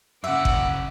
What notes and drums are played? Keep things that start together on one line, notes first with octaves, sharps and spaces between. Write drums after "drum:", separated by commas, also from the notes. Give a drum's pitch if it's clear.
F#2 C#3 E5 F#5 D6
drum: kick G1